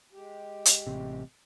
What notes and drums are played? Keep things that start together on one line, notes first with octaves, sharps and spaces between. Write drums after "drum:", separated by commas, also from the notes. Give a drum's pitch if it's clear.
G#3 G4
drum: hi-hat
A1 C3